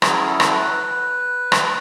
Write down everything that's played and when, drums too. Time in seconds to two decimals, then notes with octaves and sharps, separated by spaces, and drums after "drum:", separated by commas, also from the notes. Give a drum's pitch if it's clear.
0.02 F#3 C#4 E4 G#4, drum: rim click
0.27 A4
0.40 drum: rim click
0.52 B4
1.52 drum: rim click